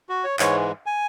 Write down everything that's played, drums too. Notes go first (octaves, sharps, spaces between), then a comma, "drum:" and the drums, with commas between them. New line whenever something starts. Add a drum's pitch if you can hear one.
F#4
C#5
G#2 E3 G#3 C#5, drum: clap
G#5